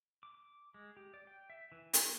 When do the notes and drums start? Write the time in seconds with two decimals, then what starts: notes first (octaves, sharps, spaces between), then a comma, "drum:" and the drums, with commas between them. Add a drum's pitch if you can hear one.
0.23 D6
0.74 G#3
0.97 G4
1.14 D5
1.27 G5
1.50 E5
1.72 E3
1.93 A#3, drum: hi-hat